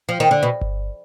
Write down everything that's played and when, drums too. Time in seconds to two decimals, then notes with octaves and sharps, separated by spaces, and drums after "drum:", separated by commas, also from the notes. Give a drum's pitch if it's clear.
0.09 F3
0.20 D#3
0.31 D3
0.43 B2
0.61 drum: kick G1